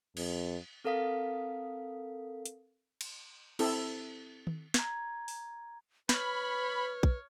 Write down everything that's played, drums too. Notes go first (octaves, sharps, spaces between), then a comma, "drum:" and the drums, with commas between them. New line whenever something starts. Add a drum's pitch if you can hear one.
F2, drum: cymbal
C4 A4 A#4 F5 D#6 B6
drum: hi-hat
drum: cymbal
C4 E4 A4, drum: cymbal
drum: tom D#3
A#5 G#6, drum: snare
drum: open hi-hat
B4 C#5 B5 F6, drum: snare
drum: kick